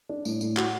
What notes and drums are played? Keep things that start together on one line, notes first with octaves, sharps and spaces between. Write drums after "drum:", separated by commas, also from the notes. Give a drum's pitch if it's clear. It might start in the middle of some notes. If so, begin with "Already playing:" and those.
D4
A2, drum: tambourine
A2, drum: tambourine
F#4, drum: clap